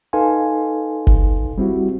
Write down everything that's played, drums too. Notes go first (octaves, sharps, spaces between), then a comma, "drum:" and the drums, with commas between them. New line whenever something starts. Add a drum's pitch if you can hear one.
D#4 A4 B4 F5 G#5 C6
drum: kick F#1
G3 C4 E4 F#4